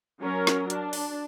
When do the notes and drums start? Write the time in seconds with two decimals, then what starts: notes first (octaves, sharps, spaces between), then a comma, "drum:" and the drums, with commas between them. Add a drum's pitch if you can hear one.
0.21 F#3 C#4 A#4
0.47 drum: snare
0.70 D4, drum: hi-hat
0.93 drum: open hi-hat